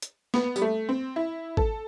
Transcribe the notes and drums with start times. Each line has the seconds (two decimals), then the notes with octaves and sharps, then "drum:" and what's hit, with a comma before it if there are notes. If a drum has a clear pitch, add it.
0.02 drum: hi-hat
0.34 B3, drum: snare
0.56 G3, drum: tambourine
0.62 A3
0.89 C4
1.16 E4
1.57 A4, drum: kick